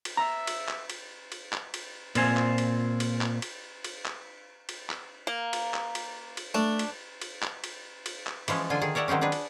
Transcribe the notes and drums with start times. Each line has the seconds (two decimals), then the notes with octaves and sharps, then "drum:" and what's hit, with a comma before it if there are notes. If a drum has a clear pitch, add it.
0.05 drum: cymbal
0.17 E5 A#5
0.47 drum: cymbal
0.68 drum: clap
0.90 drum: cymbal
1.32 drum: cymbal
1.53 drum: clap
1.74 drum: cymbal
2.15 A#2 C4 F4 C5 G#5, drum: cymbal
2.37 drum: clap
2.58 drum: cymbal
3.00 drum: cymbal
3.21 drum: clap
3.42 drum: cymbal
3.84 drum: cymbal
4.06 drum: clap
4.69 drum: cymbal
4.90 drum: clap
5.27 A#3
5.53 drum: cymbal
5.74 drum: clap
5.95 drum: cymbal
6.37 drum: cymbal
6.54 A3 D4
6.79 drum: cymbal
7.21 drum: cymbal
7.43 drum: clap
7.64 drum: cymbal
8.06 drum: cymbal
8.27 drum: clap
8.48 E3 F3 G#3 C#4, drum: cymbal
8.70 D3 F4 G#5
8.81 D#3 G#4
8.95 A#4 C#5 D5 E5 F#5
9.08 D#3 F#3 G#3 C4 C#4
9.21 D4 G#4 B4
9.32 drum: cymbal